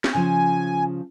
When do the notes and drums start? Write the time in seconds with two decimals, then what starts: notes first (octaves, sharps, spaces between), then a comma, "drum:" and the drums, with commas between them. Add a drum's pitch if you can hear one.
0.04 drum: snare
0.14 C#3 F3 G#5